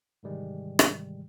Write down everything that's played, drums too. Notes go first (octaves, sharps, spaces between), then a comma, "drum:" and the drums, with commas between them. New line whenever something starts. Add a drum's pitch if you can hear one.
G#2 C3 D#3 E3 G3 G#3
drum: rim click